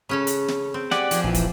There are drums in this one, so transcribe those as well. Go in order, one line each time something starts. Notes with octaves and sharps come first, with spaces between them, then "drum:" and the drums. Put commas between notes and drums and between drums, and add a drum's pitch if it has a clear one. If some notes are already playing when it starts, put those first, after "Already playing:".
C#3 C#4 A4 B4
drum: hi-hat
drum: snare
C4
G4 D5 F#5 G#5, drum: snare
F3 G#4 C5, drum: hi-hat
A#1 E3
drum: kick, hi-hat